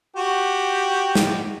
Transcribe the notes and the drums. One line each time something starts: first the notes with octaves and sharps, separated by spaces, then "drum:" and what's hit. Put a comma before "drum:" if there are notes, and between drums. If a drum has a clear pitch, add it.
F#4 G4
drum: snare